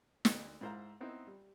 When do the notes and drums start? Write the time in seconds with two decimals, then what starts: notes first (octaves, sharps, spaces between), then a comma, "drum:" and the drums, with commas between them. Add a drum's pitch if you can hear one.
0.25 D2, drum: snare
0.61 G#2 E4 C5 F5 A#5
1.00 B3 C4 D#4 E4
1.27 G3